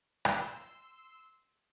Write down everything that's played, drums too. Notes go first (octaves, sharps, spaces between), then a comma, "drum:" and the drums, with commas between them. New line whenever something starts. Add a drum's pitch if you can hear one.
C6 E6, drum: rim click